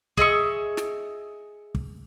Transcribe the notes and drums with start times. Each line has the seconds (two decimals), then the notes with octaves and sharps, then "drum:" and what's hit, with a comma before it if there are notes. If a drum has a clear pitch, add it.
0.17 G#4 D#5 E5 C#6, drum: kick
0.77 drum: snare
1.75 drum: kick